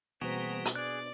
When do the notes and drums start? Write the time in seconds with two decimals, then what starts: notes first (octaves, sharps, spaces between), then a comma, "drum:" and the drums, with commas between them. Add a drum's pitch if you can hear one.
0.21 B2 E3 G3 A#3 C4 F#4 G#4 A#5
0.65 drum: hi-hat
0.75 D4 G#4 D5 F#6